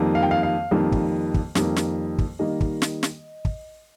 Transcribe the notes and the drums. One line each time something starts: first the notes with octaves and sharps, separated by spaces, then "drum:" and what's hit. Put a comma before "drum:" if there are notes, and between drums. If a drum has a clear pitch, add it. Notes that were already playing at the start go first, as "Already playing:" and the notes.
Already playing: F2 D#3 G3 A#3
F5
G5
F5
F5
F2 D#3 G3 A#3
drum: kick
drum: kick
F2 D#3 G3 A#3, drum: snare
drum: snare
drum: kick
D#3 G3 A#3 D#5
drum: kick
drum: snare
drum: snare
drum: kick